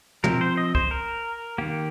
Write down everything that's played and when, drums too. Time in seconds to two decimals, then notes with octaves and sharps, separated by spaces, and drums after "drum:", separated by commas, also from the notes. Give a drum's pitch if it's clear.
0.24 F3 C4 A#4, drum: tom
0.41 C5
0.57 D#5
0.75 C5, drum: kick
0.91 A#4
1.58 D#3 A#3 G4